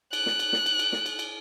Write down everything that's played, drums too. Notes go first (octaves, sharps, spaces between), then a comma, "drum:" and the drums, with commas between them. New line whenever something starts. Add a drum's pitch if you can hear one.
F#6, drum: cymbal
drum: snare
drum: cymbal
drum: snare
drum: cymbal
drum: cymbal
drum: snare
drum: cymbal
drum: cymbal